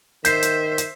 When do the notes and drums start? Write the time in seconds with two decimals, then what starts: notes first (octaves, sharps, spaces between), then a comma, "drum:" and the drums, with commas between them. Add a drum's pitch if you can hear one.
0.25 D#3 C5 E5 G6 C7, drum: hi-hat
0.43 drum: hi-hat
0.78 drum: hi-hat